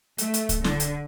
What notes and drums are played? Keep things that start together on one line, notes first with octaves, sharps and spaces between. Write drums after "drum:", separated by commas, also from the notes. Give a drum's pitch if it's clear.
A3, drum: hi-hat
drum: hi-hat
drum: kick C2, hi-hat
D3, drum: snare
drum: hi-hat